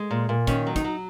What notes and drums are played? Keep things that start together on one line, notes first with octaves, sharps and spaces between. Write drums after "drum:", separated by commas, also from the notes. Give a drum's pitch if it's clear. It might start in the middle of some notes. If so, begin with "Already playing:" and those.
Already playing: G#3
A#2
A#2
D#3 C#4, drum: kick, hi-hat
F#3
D#4, drum: kick, hi-hat
F#3